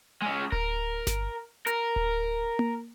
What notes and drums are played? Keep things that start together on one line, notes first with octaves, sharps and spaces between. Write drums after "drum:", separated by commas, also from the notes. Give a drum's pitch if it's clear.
G#3 C#4
A#4, drum: kick D1
drum: snare G1
A#4, drum: hi-hat
drum: kick D1
drum: tom A#3